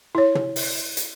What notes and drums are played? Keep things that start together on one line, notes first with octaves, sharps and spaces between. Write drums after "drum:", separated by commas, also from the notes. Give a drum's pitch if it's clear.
E4 C#5
drum: tom
drum: open hi-hat
drum: hi-hat